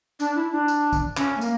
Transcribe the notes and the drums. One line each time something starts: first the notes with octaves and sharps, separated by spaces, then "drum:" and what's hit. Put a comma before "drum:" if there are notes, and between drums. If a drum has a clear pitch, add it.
D4, drum: tambourine
E4
D4
drum: tambourine
drum: kick, tambourine
C#4, drum: clap
A3
A#3, drum: tambourine